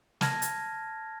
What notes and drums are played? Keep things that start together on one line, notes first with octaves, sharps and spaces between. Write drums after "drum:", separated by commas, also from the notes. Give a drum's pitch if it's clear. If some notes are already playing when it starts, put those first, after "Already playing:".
A5 F6 G#6 A#6, drum: snare
drum: hi-hat